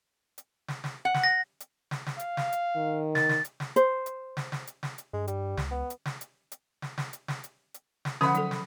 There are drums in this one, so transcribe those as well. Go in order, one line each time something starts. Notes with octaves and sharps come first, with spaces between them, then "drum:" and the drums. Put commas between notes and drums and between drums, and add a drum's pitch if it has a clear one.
drum: hi-hat
drum: snare
drum: snare
F#5
drum: snare
A#6
drum: hi-hat
drum: snare
drum: snare
F5, drum: hi-hat
drum: snare
drum: hi-hat
D#3
A6, drum: snare
drum: snare
drum: hi-hat
drum: snare
C5, drum: hi-hat
drum: hi-hat
drum: snare
drum: snare
drum: hi-hat
drum: snare
drum: hi-hat
G2 G#3
G3, drum: hi-hat
C#2, drum: snare
B3
drum: hi-hat
drum: snare
drum: hi-hat
drum: hi-hat
drum: snare
drum: snare
drum: hi-hat
drum: snare
drum: hi-hat
drum: hi-hat
drum: snare
D3 F3 C#4 F#5 B5 D#6, drum: snare
F#3 A4, drum: hi-hat
drum: snare